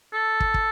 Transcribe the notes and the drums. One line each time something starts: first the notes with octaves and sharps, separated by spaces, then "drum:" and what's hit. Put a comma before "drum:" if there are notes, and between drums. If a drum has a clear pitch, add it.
A4
drum: kick
drum: kick